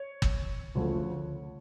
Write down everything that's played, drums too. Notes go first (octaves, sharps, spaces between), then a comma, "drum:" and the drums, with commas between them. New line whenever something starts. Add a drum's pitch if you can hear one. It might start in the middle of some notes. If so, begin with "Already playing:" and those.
Already playing: C#5
drum: kick
D2 C#3 F3 A3